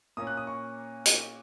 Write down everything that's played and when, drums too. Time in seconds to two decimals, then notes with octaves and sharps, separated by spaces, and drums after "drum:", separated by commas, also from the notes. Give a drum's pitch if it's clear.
0.17 A#2 A#3 C#4 D#6
0.27 F#6
0.37 D#6
0.47 C#6
1.06 drum: hi-hat